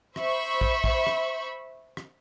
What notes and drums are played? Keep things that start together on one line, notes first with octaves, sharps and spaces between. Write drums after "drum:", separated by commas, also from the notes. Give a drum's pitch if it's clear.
C5 E5 B5 C#6, drum: rim click
drum: kick
drum: kick
drum: rim click
drum: rim click